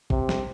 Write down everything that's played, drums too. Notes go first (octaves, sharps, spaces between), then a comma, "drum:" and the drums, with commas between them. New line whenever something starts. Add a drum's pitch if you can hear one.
C3, drum: kick G#1
drum: snare